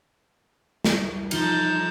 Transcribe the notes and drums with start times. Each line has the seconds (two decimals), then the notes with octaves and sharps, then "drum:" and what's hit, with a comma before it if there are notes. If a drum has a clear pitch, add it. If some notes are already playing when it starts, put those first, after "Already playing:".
0.85 drum: snare
1.31 F3 D#4 F4 A5 A#5 G6, drum: cymbal